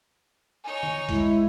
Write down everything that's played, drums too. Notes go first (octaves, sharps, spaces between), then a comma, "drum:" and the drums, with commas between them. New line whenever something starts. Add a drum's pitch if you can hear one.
D#4 C#5 G#5
drum: tom D3
G#3 E4, drum: kick, cymbal